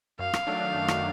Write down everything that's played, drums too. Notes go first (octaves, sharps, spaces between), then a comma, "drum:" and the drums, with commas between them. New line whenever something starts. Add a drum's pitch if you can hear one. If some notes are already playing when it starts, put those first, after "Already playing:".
F#2 F5
drum: rim click
D#3 F#3 A3 D4
F#2
drum: rim click